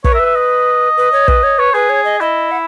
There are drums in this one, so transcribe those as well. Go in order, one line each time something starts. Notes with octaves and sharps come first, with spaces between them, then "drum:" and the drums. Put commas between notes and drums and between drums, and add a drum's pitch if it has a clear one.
B4 C#5, drum: kick
A#4 E5
B4
E5
D#5
B4
C#5
B4, drum: kick
C#5
B4 C#5
G#4 B4
C#5
D#5
E4 D#5
F#5